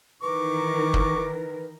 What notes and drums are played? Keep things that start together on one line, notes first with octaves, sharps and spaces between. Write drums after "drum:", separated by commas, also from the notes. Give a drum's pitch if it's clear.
D#3 E3 A#4 B4 C#6 D6
drum: kick